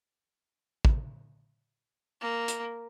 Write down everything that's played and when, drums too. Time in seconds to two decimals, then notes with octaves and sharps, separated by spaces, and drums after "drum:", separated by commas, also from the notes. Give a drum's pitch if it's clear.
0.85 drum: kick
2.21 A#3
2.48 drum: hi-hat